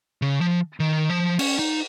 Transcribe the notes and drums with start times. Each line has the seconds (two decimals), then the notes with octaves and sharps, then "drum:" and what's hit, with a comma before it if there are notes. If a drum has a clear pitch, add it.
0.22 C#3
0.41 F3
0.80 D#3
1.10 F3
1.39 C#4, drum: cymbal
1.59 D#4